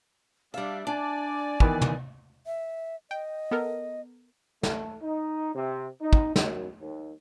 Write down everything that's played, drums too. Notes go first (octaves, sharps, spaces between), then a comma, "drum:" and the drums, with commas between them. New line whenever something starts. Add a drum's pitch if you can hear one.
G3 D4 E5 F5
D4 D5 G#5
D#3 E3 B3, drum: kick
drum: tom
E5
D#5 G5
B3 A4 A#4
A3, drum: snare
D#4
C3
D#4
drum: kick
F#2, drum: snare
D#2